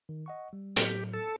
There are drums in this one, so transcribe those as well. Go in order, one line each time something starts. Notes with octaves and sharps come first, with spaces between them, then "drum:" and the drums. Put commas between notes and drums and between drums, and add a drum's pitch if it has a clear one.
D#3
D#5 F#5 C#6
G3
A2 F#3 G4, drum: hi-hat
A4